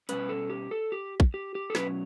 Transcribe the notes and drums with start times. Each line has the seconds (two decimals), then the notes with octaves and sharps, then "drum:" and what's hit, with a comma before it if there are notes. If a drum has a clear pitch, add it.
0.09 B2 G3 C#4 B4, drum: hi-hat
0.29 A4
0.50 G4
0.71 A4
0.92 G4
1.20 drum: kick
1.34 G4
1.55 G4
1.70 A4
1.75 B2 F#3 C#4 B4, drum: snare